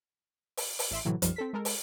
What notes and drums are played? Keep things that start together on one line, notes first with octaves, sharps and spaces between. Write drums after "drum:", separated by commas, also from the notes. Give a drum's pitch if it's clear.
drum: open hi-hat
drum: open hi-hat
A1 E5 C6
A2 C3 E3 F#3
B1 F#2 F3 G3, drum: hi-hat
C4 A4 B6
G#3 A4 A#4
drum: open hi-hat